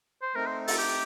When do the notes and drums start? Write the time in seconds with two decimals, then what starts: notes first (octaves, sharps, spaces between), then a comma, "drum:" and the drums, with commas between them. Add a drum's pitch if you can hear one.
0.22 C5
0.35 A3 C4 D#4 A#4
0.46 C5
0.68 A4, drum: open hi-hat
0.78 G4